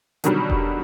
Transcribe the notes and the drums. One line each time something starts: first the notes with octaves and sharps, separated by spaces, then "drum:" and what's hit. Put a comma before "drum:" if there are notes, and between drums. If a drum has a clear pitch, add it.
B2 D3 D#3 F#3 G3, drum: hi-hat
drum: kick E1